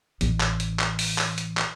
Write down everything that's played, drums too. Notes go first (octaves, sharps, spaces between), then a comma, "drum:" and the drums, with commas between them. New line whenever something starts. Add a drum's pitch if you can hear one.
A1 E3, drum: hi-hat
drum: clap
drum: hi-hat
drum: clap
drum: open hi-hat
drum: clap
drum: hi-hat
drum: clap